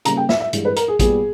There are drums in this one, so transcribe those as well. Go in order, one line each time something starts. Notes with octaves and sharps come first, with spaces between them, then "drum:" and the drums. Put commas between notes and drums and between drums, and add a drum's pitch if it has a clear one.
C#3 G3 A#3 A#5, drum: hi-hat
G5
E5, drum: snare
E5
G2 E3 G#3, drum: hi-hat
B4
A#4, drum: hi-hat
G#4
A#2 G3 B3 G#4, drum: kick A1, hi-hat